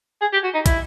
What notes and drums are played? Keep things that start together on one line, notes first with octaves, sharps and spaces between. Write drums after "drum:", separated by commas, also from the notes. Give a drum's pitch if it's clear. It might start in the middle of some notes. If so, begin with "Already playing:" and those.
G#4
G4
F#4
D#4
E4, drum: kick, hi-hat